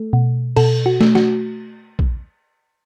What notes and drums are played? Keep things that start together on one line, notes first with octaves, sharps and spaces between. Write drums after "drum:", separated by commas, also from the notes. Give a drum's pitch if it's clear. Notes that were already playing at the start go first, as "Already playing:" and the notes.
Already playing: A3 A4
B2
B2 A4, drum: cymbal
F#4
A3, drum: snare
F#4, drum: snare
drum: kick A#1